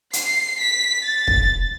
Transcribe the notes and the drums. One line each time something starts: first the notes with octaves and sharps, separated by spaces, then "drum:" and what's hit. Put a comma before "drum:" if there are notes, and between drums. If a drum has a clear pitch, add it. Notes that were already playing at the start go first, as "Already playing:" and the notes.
C7, drum: hi-hat
B6
A6
drum: kick